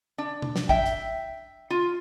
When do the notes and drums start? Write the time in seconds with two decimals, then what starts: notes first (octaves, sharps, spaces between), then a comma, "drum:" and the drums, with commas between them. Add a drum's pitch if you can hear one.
0.18 D4
0.42 drum: tom C3
0.56 drum: snare
0.69 E5 G5, drum: kick
0.86 drum: hi-hat
1.70 F4